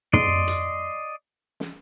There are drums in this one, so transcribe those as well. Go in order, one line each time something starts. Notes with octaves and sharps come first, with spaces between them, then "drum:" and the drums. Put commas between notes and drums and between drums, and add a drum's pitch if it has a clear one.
D5 D#5 C6, drum: tom
drum: hi-hat
drum: snare